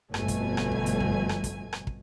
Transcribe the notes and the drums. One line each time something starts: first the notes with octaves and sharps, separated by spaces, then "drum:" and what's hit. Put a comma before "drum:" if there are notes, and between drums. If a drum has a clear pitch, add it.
G1 F2 B2 A3 G#5, drum: rim click
drum: kick, hi-hat
drum: rim click
drum: kick
drum: hi-hat
drum: kick
drum: rim click
drum: kick, hi-hat
drum: rim click
drum: kick